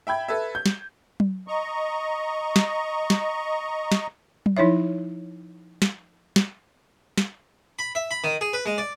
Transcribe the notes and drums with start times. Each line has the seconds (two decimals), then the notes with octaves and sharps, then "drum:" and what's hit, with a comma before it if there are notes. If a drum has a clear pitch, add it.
0.07 E5 G5 B5 G#6
0.28 A4 B4 E5
0.55 G6
0.66 drum: snare
1.20 drum: tom F#3
1.48 D#5 A#5 C#6
2.56 drum: snare
3.10 drum: snare
3.92 drum: snare
4.46 drum: tom F#3
4.57 F3 D#4 E4 C#5 E5
5.82 drum: snare
6.36 drum: snare
7.18 drum: snare
7.79 B5
7.95 E5
8.11 B5
8.24 D#3
8.41 G#4
8.53 B4
8.66 G#3
8.78 D5